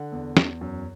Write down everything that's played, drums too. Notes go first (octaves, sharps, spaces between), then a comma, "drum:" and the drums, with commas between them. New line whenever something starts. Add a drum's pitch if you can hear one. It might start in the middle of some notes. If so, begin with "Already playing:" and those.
Already playing: D3 F#5
E2
E2, drum: snare
F#2